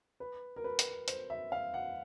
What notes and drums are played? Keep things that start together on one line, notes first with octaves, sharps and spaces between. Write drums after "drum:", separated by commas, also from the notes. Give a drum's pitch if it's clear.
B4
A#4
B4
drum: hi-hat
C5, drum: hi-hat
E5
F5
F#5